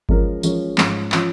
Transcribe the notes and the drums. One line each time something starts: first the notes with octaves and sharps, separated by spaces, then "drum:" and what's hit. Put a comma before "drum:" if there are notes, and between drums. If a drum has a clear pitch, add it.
F3 G#3 C#4 A#4, drum: kick G1
F3 G#3 C#4 A#4, drum: tambourine
G#2 F3 C#4 F4, drum: clap
F3 C#4 F4, drum: clap